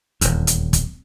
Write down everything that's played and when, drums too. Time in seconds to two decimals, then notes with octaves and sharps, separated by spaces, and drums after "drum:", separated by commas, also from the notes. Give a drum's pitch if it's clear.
0.21 D#1 E2, drum: hi-hat
0.47 drum: hi-hat
0.73 drum: kick, hi-hat